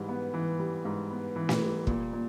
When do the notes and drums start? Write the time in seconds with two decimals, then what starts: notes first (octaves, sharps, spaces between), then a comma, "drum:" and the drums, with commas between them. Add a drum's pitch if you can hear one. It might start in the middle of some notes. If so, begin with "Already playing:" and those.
Already playing: G#2 E3 G3
0.09 B3
0.34 E3
0.59 G3
0.85 G#2
1.11 B3
1.36 E3
1.49 drum: snare
1.62 G3
1.87 A#2, drum: kick
2.13 A#2